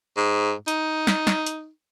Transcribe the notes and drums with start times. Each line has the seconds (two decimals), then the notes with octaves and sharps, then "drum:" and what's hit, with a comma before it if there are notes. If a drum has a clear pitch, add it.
0.17 G#2
0.68 D#4, drum: hi-hat
1.07 drum: snare
1.27 drum: snare
1.46 drum: hi-hat